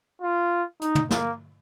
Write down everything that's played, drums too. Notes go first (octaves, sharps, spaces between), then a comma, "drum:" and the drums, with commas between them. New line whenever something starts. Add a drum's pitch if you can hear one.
F4
D#4, drum: hi-hat
drum: tom
A#3, drum: snare